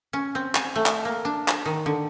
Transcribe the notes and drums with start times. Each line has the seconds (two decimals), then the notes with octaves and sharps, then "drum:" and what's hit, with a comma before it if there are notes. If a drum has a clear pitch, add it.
0.13 C#4
0.35 C4
0.55 G#5, drum: clap
0.76 A3
0.86 drum: clap
1.05 A#3
1.25 D4
1.48 drum: clap
1.66 D#3
1.86 D3